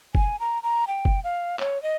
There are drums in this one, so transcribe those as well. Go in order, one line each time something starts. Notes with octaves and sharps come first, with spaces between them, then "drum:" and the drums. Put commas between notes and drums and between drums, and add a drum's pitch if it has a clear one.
G#5, drum: kick
A#5
A#5
G5
drum: kick
F5
C#5, drum: clap
D#5